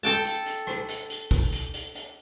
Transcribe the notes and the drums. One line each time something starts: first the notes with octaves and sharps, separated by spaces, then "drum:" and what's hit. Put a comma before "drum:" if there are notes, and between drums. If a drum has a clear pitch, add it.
A4 G5 A5
drum: hi-hat
drum: hi-hat
drum: rim click
drum: hi-hat
drum: hi-hat
drum: kick, open hi-hat
drum: hi-hat
drum: hi-hat
drum: hi-hat